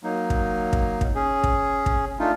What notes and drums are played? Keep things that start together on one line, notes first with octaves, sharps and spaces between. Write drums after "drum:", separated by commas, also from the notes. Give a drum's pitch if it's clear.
F#3 A#3 D#4
drum: kick
drum: kick
drum: kick
C#4 G#4
drum: kick
drum: kick
A3 D4 D#4 F4